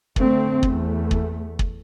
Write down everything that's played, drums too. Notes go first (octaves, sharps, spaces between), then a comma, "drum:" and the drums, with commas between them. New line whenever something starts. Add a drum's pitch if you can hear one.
D3 A3 C4, drum: kick
E2 A3, drum: kick
drum: kick
drum: kick